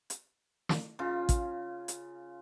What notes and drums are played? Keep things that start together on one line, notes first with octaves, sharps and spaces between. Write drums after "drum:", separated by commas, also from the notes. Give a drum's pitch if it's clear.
drum: hi-hat
drum: snare
C#3 F4
drum: kick, hi-hat
drum: hi-hat